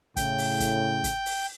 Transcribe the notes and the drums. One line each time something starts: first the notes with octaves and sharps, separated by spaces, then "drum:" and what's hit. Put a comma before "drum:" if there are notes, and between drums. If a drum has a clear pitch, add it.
A2 C#3 G5, drum: kick, hi-hat
drum: open hi-hat
drum: kick, hi-hat
drum: kick, hi-hat
drum: open hi-hat